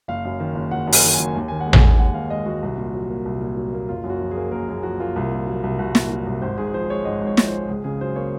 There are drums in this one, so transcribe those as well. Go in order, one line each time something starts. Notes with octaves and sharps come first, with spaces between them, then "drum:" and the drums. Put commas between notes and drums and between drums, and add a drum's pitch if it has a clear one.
F#1 F5
F#2
D#3
F#1
F#1 F#5
F#2
G#5, drum: open hi-hat
D#3
F#1 G#5
D#2
D#3 G#5
F#5
G#3
G#5, drum: tom A1
D#2
D#2 F#5
D#3 F5
G#3 D#5
D#2 F#4
C2
A#2
F#3
A#3
C2
A#2
F#3
A#3
F#1 F4
F#2
F#4
F3
A#3 G#4
F#1 A#4
F#2 G#4
F3 F#4
A#3 F4
C2
A#2
F#3
C2
C2 F#4
A#2, drum: snare
F#3
C2
G#1 C5
G#2 G#4
F3 C5
G#3 C#5
G#1 D#5
G#2
C#5
F3, drum: snare
C5
G#3
C#2 G#4
C#3 G#4
F#3 C5
A#3 C#5